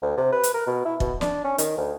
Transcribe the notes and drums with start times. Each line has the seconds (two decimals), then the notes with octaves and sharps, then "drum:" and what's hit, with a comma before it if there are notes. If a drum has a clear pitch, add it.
0.02 D2
0.17 C3
0.32 B4
0.43 drum: hi-hat
0.54 A#4
0.67 B2
0.85 E4
1.00 B2, drum: kick
1.21 D4, drum: snare
1.44 C#4
1.58 D#3, drum: hi-hat
1.77 D2